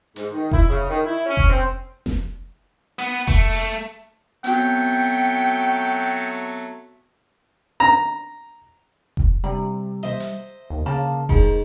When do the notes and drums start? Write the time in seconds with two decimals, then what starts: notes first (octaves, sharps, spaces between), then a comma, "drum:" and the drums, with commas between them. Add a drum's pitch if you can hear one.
0.16 G#2, drum: hi-hat
0.32 D#3
0.51 E4, drum: kick F1
0.68 C#3
0.88 D#3
1.04 E4
1.26 C#4
1.37 drum: kick F1
1.50 C4
2.06 drum: snare F1
2.99 B3
3.28 A3, drum: kick F1
3.53 drum: open hi-hat
4.44 F#3 A3 B3 C4 F#4 G5, drum: hi-hat
7.80 A#5
9.17 drum: kick F1
9.44 C3 G3
10.03 C5 D#5 E5
10.20 drum: hi-hat
10.70 D#2
10.86 C#3 F3 A#3 A5
11.29 G#2 D#3 G#3, drum: kick F1